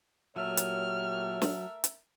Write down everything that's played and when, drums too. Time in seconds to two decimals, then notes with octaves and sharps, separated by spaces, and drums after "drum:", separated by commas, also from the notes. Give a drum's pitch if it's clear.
0.36 A#2 F#3 A3 G4 A#4 C#5 E5 F6
0.57 drum: hi-hat
1.42 drum: snare
1.84 drum: hi-hat